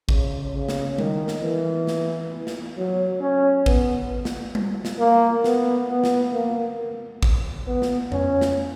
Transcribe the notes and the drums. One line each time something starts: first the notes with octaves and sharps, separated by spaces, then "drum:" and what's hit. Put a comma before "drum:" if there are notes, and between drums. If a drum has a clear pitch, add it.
C#3, drum: kick
C#3
drum: snare
D#3, drum: tom G3
drum: snare
E3
drum: snare
drum: snare
F#3
C#4
B3, drum: kick
drum: snare
drum: tom G3
drum: snare
A#3
B3, drum: snare
B3
drum: snare
A#3
drum: kick
B3
drum: snare
C#4, drum: tom F2
drum: snare